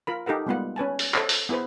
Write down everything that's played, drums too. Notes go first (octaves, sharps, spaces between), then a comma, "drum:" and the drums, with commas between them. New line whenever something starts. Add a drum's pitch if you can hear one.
F4 A#4 B5
D#4 G4 A4 A#4 F#5
G3 G#3 A#3 B3 F4 F#5
C#4 B4 G#5 A5
drum: open hi-hat
A4 C5 C#5 D#5, drum: clap
drum: open hi-hat
B3 E4 G#4 B4 C5